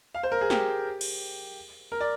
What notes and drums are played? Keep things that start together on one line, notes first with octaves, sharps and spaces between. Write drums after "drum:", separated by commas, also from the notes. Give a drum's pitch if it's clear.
F5
C5
A#4
G#4
G4, drum: snare
drum: cymbal
A#4
D5